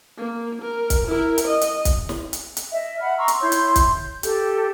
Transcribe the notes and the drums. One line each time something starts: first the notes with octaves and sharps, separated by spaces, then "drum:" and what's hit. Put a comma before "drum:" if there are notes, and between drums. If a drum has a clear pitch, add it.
A#3
A#4
drum: kick, hi-hat
E4 A#4
drum: hi-hat
D#5
drum: hi-hat
drum: kick, hi-hat
drum: snare
drum: hi-hat
drum: hi-hat
D#5 E5
E5 F#5 B5 F6
A#5 C6 C#6 E6
drum: hi-hat
E4 C#5 C6 G6
drum: hi-hat
drum: kick, hi-hat
G6
G4 A4, drum: hi-hat